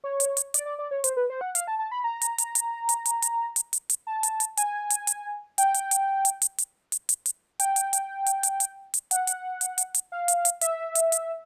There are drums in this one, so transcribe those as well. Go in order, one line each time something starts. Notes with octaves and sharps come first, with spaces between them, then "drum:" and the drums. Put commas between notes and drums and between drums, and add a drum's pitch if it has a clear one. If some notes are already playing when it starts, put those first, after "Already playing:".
C#5
drum: hi-hat
drum: hi-hat
D5, drum: hi-hat
D5
D5
C#5
C5, drum: hi-hat
B4
C5
F#5
F5, drum: hi-hat
A5
A5
B5
A#5
drum: hi-hat
drum: hi-hat
drum: hi-hat
drum: hi-hat
drum: hi-hat
drum: hi-hat
drum: hi-hat
drum: hi-hat
drum: hi-hat
A5
drum: hi-hat
drum: hi-hat
G#5, drum: hi-hat
drum: hi-hat
drum: hi-hat
G5, drum: hi-hat
drum: hi-hat
drum: hi-hat
drum: hi-hat
drum: hi-hat
drum: hi-hat
drum: hi-hat
drum: hi-hat
drum: hi-hat
G5, drum: hi-hat
drum: hi-hat
drum: hi-hat
drum: hi-hat
drum: hi-hat
drum: hi-hat
drum: hi-hat
F#5, drum: hi-hat
drum: hi-hat
drum: hi-hat
drum: hi-hat
drum: hi-hat
F5
drum: hi-hat
drum: hi-hat
E5, drum: hi-hat
drum: hi-hat
drum: hi-hat